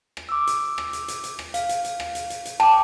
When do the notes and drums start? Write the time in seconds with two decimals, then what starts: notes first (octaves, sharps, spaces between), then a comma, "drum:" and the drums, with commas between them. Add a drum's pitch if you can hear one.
0.17 drum: rim click
0.29 D6 E6
0.47 drum: hi-hat
0.78 drum: rim click
0.93 drum: hi-hat
1.08 drum: hi-hat
1.24 drum: hi-hat
1.39 drum: rim click
1.54 F5, drum: hi-hat
1.69 drum: hi-hat
1.84 drum: hi-hat
2.00 drum: rim click
2.15 drum: hi-hat
2.30 drum: hi-hat
2.45 drum: hi-hat
2.60 G5 A5 D6, drum: rim click